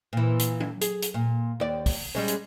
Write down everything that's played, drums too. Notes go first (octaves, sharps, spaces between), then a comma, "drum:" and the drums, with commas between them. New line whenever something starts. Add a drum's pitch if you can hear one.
A#2 E3
drum: hi-hat
drum: tom
G#4, drum: hi-hat
drum: hi-hat
A#2
D#2 D5
drum: kick, open hi-hat
G3 G#3 C#4
drum: hi-hat